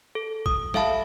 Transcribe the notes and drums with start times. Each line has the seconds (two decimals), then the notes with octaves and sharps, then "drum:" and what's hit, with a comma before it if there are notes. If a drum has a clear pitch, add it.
0.15 A4
0.46 D#6, drum: kick A#1
0.74 A4 E5 F5 A5 B5, drum: snare